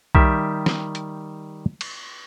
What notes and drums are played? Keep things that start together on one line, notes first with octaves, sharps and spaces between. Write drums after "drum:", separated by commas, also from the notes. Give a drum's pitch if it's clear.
D#3 G3 G4 E5, drum: kick B1
drum: snare
drum: hi-hat
drum: cymbal